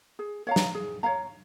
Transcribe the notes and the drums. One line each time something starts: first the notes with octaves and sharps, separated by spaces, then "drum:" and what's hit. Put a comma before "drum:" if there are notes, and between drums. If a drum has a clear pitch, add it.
G#4
C#5 F5 A#5
drum: snare
G#4
C#5 F5 A#5